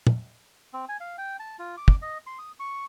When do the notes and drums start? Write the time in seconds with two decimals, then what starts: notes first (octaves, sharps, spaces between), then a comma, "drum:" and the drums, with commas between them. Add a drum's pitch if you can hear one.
0.07 drum: tom
0.73 C4
0.89 G#5
1.00 F5
1.18 G5
1.40 A5
1.59 F4
1.77 D6
1.88 drum: kick
2.02 D#5
2.27 C6
2.39 D#6
2.60 C#6